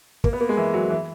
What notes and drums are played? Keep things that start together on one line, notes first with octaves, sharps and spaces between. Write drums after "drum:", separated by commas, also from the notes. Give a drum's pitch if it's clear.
A#3, drum: kick
B3
A#3
G#3
E3
F#3
E3